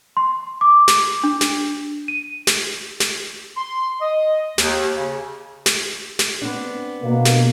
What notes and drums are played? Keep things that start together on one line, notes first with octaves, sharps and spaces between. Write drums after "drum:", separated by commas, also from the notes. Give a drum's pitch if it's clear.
C6
D6
drum: snare
D4
drum: snare
D#7
drum: snare
drum: snare
C6
D#5
D#2, drum: snare
C#3
drum: snare
drum: snare
B3 C4 D4
B2 A#3
drum: snare